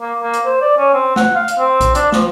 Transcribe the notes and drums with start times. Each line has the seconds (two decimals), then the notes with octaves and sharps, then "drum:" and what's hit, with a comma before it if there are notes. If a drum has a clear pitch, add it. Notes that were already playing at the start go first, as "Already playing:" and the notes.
0.01 A#3
0.21 A#3
0.33 drum: hi-hat
0.45 C5
0.61 D5
0.78 C#4
0.94 C4
1.16 F#5, drum: snare
1.35 F5
1.48 drum: hi-hat
1.58 C4
1.81 drum: kick A#1, hi-hat
1.95 D4, drum: hi-hat
2.12 F3, drum: snare